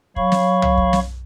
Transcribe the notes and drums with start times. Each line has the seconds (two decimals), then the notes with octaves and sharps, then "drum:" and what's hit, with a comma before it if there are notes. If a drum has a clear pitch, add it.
0.16 F#3 C#5 F5 B5 C#6, drum: kick
0.32 drum: snare
0.62 drum: tom
0.78 drum: kick
0.93 drum: snare